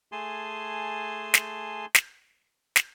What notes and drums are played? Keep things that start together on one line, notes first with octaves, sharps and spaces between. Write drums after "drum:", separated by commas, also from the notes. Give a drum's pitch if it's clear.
A3 G#4 G#5 A5 C6
drum: snare
drum: snare
drum: snare